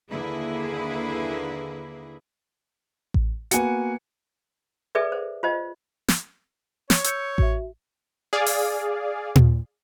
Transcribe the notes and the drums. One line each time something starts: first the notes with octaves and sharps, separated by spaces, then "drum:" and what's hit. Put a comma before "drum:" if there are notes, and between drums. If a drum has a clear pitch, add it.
D#2 D3 A#3 E4 G#4 B4
drum: kick A1
A#3 B3 F#4 G#5 C#7, drum: hi-hat
G#4 A4 B4 D5 E5
C5
F4 C5 D#5
drum: snare
C#5, drum: snare
E6 G6 C#7, drum: hi-hat
F#4 E5, drum: kick A1
G#4 D5 F5
drum: open hi-hat
drum: tom A#2